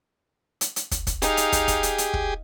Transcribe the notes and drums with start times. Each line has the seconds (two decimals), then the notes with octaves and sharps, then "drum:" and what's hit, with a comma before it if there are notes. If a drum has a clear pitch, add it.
0.61 drum: hi-hat
0.76 drum: hi-hat
0.91 drum: kick, hi-hat
1.07 drum: kick, hi-hat
1.22 D#4 G4 G#4 F5, drum: hi-hat
1.37 drum: hi-hat
1.52 drum: kick, hi-hat
1.68 drum: kick, hi-hat
1.83 drum: hi-hat
1.98 drum: hi-hat
2.14 drum: kick